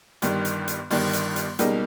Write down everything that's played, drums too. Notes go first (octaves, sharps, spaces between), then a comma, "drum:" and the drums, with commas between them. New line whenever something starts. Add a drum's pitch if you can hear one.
G1 G2 D#3 G3, drum: hi-hat
drum: hi-hat
drum: hi-hat
G1 G2 D#3 G3, drum: open hi-hat
drum: hi-hat
drum: hi-hat
C#2 B2 G3 A#3 D#4, drum: hi-hat